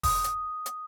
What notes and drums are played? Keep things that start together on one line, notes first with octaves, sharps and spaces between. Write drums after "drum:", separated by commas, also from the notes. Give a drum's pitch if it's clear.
D#6, drum: kick E1, open hi-hat
drum: hi-hat
drum: hi-hat